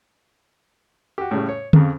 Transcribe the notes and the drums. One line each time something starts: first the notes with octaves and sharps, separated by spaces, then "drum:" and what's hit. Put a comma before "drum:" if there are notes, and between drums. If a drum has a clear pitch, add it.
F#4 G4
A2 C#3 G3
C#5
F2 C#3, drum: tom D3